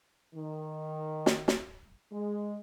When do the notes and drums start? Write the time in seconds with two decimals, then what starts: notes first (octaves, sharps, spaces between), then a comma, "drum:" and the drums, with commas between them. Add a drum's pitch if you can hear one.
0.35 D#3
1.26 drum: snare
1.48 drum: snare
2.13 G#3